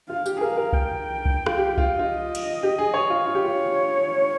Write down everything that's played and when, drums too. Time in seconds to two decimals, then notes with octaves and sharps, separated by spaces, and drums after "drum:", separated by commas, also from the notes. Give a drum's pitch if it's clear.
0.09 F4 F5
0.26 G4, drum: tambourine
0.37 G#4
0.41 A#4 F5
0.57 A#4
0.73 G5, drum: kick C2
1.25 drum: kick C2
1.46 F4, drum: rim click
1.58 G4
1.78 F4, drum: kick C2
1.99 F4 D#5
2.35 drum: cymbal
2.63 G4
2.78 G#4
2.94 C#5
3.10 F4
3.26 F4 C#5
3.35 G4
3.44 F4